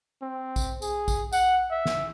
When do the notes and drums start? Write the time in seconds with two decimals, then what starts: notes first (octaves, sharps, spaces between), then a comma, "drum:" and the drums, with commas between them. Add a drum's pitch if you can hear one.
0.22 C4
0.56 drum: kick A1, tambourine
0.82 G#4, drum: tambourine
1.08 drum: kick A1, tambourine
1.33 F#5, drum: tambourine
1.71 E5
1.85 drum: snare